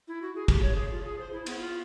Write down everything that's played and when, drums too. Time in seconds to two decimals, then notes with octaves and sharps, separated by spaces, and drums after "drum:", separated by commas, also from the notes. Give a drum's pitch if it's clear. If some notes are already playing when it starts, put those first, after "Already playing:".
0.08 E4
0.22 F#4
0.35 G#4
0.48 G4, drum: kick, cymbal
0.62 C#5
0.75 G#4
0.91 F4
1.03 G#4
1.19 C5
1.33 E4
1.46 B3, drum: cymbal
1.59 F4